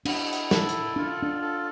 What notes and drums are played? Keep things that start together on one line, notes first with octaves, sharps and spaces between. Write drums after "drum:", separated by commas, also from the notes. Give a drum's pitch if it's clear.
D4 E4, drum: cymbal
drum: hi-hat
A4, drum: snare
drum: hi-hat
D4 F4
D4
A4